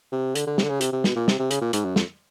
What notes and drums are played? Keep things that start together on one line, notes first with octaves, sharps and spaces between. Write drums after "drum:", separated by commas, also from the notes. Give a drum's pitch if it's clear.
C3
D3, drum: hi-hat
D3
C3, drum: snare
D3
C#3
C3, drum: hi-hat
C3
B2, drum: snare
A#2
C3, drum: snare
C3
C#3, drum: hi-hat
A#2
G#2, drum: hi-hat
F#2
F2, drum: snare